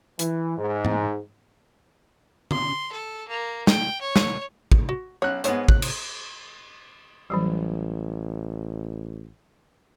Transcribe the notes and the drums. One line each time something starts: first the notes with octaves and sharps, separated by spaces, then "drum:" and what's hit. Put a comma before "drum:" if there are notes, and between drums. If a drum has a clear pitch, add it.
E3, drum: hi-hat
G#2
drum: tom G#2
C6, drum: tom D3
A4
A#3
G5, drum: snare
C#5
drum: snare
drum: kick
F#4
B1 C#4 C#5 F#6
G#2 G#3 B3 C5 C#5, drum: hi-hat
F#6, drum: kick
drum: cymbal
A1 E3 F#3 G3